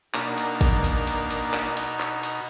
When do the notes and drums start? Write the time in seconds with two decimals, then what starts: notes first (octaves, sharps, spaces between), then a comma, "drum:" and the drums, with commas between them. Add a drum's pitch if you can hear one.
0.14 B2 A#3 D4 D#4 F6, drum: clap
0.38 drum: cymbal
0.61 drum: kick, cymbal
0.84 drum: cymbal
1.07 drum: cymbal
1.30 drum: cymbal
1.54 drum: clap
1.77 drum: cymbal
2.00 drum: clap
2.23 drum: cymbal